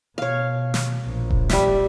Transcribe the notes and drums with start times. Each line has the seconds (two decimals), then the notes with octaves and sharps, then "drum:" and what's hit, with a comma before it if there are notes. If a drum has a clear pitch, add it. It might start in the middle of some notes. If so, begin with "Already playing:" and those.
0.18 B2 C#5 F5
0.74 drum: snare
1.04 A#1
1.31 drum: kick D#1
1.49 G3 E5, drum: snare